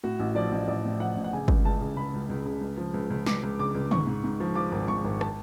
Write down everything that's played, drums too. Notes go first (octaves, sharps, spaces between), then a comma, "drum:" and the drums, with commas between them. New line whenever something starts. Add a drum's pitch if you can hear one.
A2 F#4
A1
F3 D5
A1
A1 D5
A2
F3 F#5
A1
F#5
C#3 G#5
C#2, drum: kick
C#2 A5
C#3
C#2 B5
C#2
C#2
C#3
C#2
F3
C#2
C#2
C#2 D6, drum: snare
C#2
C#3 D6
C#2
G#2 C#6, drum: tom
G#2
G#2
F3
F3 D6
G#1
G#1 C#6
G#1
A5, drum: rim click